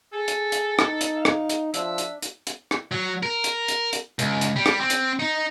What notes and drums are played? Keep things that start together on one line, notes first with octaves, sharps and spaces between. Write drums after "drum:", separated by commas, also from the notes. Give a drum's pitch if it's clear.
G#4 A4
drum: hi-hat
drum: hi-hat
D#4, drum: rim click
drum: hi-hat
F5
drum: rim click
drum: hi-hat
F3 D4 E5, drum: hi-hat
drum: hi-hat
drum: hi-hat
drum: hi-hat
drum: rim click
F#3
A#4
drum: hi-hat
drum: hi-hat
drum: hi-hat
C#2, drum: hi-hat
drum: hi-hat
G3
drum: rim click
C4
drum: hi-hat
D#4